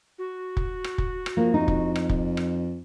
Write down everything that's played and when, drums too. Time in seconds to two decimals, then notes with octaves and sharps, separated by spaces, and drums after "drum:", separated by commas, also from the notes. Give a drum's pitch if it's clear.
0.18 F#4
0.57 drum: kick
0.84 drum: rim click
0.98 drum: kick
1.26 drum: rim click
1.37 F3 A#3
1.54 F2 D#4
1.68 drum: kick
1.96 drum: rim click
2.09 drum: kick
2.37 drum: rim click